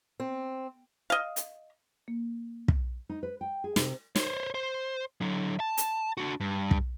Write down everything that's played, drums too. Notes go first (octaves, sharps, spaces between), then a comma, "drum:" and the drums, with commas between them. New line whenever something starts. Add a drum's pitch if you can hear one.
C4
D#5 F5
drum: hi-hat
A#3
drum: kick
D#4
B4
G5
G#4
C3, drum: snare
C5 C#5, drum: snare
C5
D3 F#3
A5
drum: hi-hat
D4 F#4
G2
drum: kick